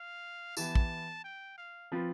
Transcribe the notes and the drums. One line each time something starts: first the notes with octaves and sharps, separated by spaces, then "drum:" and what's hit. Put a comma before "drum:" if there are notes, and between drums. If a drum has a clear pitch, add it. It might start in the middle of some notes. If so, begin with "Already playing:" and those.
Already playing: F5
E3 B3 E4 G4 A5, drum: tambourine
drum: kick
G5
F5
F3 C4 F4 B4